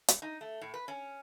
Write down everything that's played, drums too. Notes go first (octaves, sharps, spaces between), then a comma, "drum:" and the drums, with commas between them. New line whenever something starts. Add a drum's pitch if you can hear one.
drum: hi-hat
D#4
A3
A2
B4
C#4